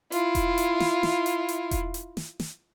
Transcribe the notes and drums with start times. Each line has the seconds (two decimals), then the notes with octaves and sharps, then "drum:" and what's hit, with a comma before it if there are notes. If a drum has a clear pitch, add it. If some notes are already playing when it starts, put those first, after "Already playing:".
0.12 E4 F4, drum: hi-hat
0.35 drum: kick E1, hi-hat
0.58 drum: hi-hat
0.80 drum: snare
1.03 drum: snare
1.26 drum: hi-hat
1.49 drum: hi-hat
1.71 drum: kick E1, hi-hat
1.94 drum: hi-hat
2.17 drum: snare
2.40 drum: snare